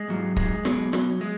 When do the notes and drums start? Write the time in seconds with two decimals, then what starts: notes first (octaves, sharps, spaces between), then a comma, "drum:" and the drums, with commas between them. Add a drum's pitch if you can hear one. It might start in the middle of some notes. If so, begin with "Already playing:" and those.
Already playing: G#3
0.08 G#2 F#3
0.36 G#3, drum: kick
0.65 B1 B2 F#3, drum: snare
0.93 F#3, drum: snare
1.21 G#3